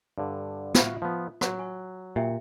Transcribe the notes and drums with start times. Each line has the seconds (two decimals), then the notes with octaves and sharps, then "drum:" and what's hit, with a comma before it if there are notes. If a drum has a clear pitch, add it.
0.18 G2 D3
0.75 F4 F#4 E5 F5, drum: snare
1.02 F3 B3
1.41 F#3, drum: rim click
1.59 G#5 C#6
2.16 A#2 G4 E5 G5